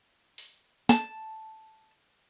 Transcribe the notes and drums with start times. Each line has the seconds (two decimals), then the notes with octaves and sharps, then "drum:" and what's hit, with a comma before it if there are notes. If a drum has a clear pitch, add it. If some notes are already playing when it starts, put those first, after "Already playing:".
0.38 drum: open hi-hat
0.89 A5, drum: snare